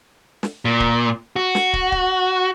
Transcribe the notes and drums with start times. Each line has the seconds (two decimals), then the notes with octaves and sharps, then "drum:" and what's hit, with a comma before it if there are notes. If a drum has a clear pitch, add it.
0.43 drum: snare
0.65 A#2
0.80 drum: kick
1.36 F#4
1.55 drum: snare
1.73 drum: kick
1.92 drum: kick